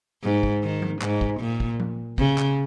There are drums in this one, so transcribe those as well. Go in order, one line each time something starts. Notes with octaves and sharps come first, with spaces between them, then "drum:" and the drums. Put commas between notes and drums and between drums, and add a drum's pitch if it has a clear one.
G#2
drum: kick
D#3
drum: tom F3
G#2, drum: clap
drum: kick
A#2
drum: kick
drum: tom F3
C#3, drum: kick
drum: clap